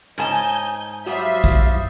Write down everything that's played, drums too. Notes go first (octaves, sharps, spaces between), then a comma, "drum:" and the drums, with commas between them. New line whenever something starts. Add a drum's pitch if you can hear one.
G#2 C#5 D#5 G#5 A5 G6
F#3 G3 C5 E5 F5 D#6
drum: kick A#1